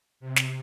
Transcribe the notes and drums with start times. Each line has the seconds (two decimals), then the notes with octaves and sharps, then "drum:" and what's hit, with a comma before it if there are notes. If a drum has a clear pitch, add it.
0.20 C3
0.36 drum: snare